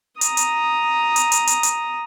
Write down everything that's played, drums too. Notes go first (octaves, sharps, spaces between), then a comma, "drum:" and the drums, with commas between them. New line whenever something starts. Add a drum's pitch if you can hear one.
A#5 D#6, drum: hi-hat
drum: hi-hat
drum: hi-hat
drum: hi-hat
drum: hi-hat
drum: hi-hat